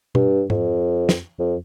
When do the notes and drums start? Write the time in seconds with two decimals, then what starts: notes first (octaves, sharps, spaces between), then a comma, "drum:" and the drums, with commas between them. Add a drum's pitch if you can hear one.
0.15 G2, drum: tom B2
0.50 F2, drum: tom G#2
1.09 drum: snare
1.39 F2